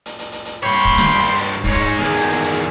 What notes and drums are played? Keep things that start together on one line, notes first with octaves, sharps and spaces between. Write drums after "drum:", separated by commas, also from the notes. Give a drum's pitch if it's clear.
drum: hi-hat
drum: hi-hat
drum: hi-hat
drum: hi-hat
G2 C#5 G5 B5 C6
drum: kick
drum: snare
drum: hi-hat
drum: hi-hat
drum: hi-hat
G#2 G#3 C#5, drum: kick, hi-hat
drum: hi-hat
E2 D#3 G#4
drum: hi-hat
drum: hi-hat
drum: hi-hat